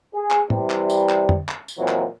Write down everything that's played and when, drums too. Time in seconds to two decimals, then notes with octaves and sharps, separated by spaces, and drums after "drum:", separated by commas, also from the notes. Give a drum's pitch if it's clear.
0.14 G#4
0.31 drum: clap
0.50 C3 E3 G3, drum: tom
0.70 drum: clap
0.90 drum: tambourine
1.09 drum: clap
1.29 drum: tom
1.49 drum: clap
1.68 drum: tambourine
1.78 D#2 A#2 E3 F#3 C4
1.88 drum: clap